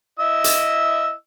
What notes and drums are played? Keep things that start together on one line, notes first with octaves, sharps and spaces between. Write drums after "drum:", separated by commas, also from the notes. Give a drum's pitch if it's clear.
E4 D#5 E6
drum: hi-hat